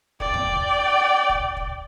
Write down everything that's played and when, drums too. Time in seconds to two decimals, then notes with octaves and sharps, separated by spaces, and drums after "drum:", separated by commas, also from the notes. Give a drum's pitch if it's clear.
0.20 D5 G5, drum: kick
0.34 drum: tom E2
0.47 drum: kick
1.29 drum: kick
1.57 drum: kick